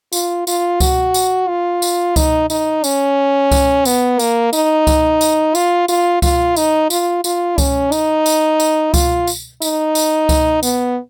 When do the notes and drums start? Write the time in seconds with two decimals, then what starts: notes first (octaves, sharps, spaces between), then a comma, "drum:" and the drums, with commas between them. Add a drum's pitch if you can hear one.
0.13 F4, drum: tambourine
0.47 F4, drum: tambourine
0.80 F#4, drum: kick C#2, tambourine
1.14 drum: tambourine
1.48 F4
1.82 drum: tambourine
2.16 D#4, drum: kick C#2, tambourine
2.50 D#4, drum: tambourine
2.84 C#4, drum: tambourine
3.51 drum: kick C#2, tambourine
3.85 B3, drum: tambourine
4.19 A#3, drum: tambourine
4.53 D#4, drum: tambourine
4.87 drum: kick C#2, tambourine
5.21 drum: tambourine
5.55 F4, drum: tambourine
5.88 F4, drum: tambourine
6.22 F4, drum: kick C#2, tambourine
6.56 D#4, drum: tambourine
6.90 F4, drum: tambourine
7.24 F4, drum: tambourine
7.58 C#4, drum: kick C#2, tambourine
7.92 D#4, drum: tambourine
8.26 drum: tambourine
8.60 drum: tambourine
8.94 F4, drum: kick C#2, tambourine
9.27 drum: tambourine
9.62 D#4, drum: tambourine
9.95 drum: tambourine
10.29 drum: kick C#2, tambourine
10.63 B3, drum: tambourine